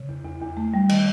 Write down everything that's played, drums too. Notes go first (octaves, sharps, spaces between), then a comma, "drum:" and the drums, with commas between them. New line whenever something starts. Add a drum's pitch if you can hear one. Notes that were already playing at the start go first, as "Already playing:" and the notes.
Already playing: C#3
E2
E2
E2
A3
G3
D#3, drum: cymbal